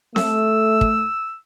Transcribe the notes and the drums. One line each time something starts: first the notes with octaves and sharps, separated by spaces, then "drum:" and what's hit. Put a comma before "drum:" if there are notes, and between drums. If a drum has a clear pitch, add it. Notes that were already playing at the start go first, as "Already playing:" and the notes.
A3 E6, drum: snare C4
drum: kick